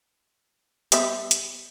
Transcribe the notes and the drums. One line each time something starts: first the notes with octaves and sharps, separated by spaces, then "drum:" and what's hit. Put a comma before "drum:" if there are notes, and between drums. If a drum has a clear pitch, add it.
G3 B3 E5, drum: hi-hat
drum: hi-hat